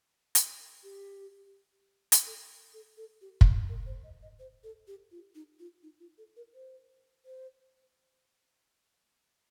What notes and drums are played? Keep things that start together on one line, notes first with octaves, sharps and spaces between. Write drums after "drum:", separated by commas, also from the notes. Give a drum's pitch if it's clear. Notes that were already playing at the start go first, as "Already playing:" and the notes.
drum: hi-hat
G4
drum: hi-hat
A4
A4
A4
G4
drum: kick
A#4
C5
D#5
D#5
C5
A4
G4
F4
D#4
F4
D#4
F4
A4
A#4
C5
C5